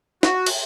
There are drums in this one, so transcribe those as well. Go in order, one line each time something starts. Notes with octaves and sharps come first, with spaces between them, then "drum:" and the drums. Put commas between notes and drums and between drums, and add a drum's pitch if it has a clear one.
F#4, drum: snare
drum: cymbal